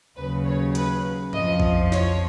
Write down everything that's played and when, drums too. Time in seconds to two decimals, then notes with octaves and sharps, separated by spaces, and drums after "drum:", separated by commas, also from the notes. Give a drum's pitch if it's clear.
0.16 D#2 C#3 F#3 B4
0.46 C#5
0.75 B4, drum: hi-hat
1.33 F2 F3 D#5, drum: tom G#2
1.60 drum: kick A#1
1.92 C#5, drum: snare